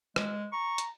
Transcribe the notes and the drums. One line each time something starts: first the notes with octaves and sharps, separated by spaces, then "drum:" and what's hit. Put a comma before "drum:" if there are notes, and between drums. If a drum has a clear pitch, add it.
G#3, drum: rim click
A#5 C#6
drum: hi-hat